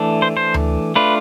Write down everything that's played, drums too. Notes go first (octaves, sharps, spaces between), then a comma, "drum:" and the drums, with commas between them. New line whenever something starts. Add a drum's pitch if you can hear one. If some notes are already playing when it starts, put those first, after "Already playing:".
Already playing: E3 A3 D4
C5
C5
drum: tom D2
A3 D4 F4 B4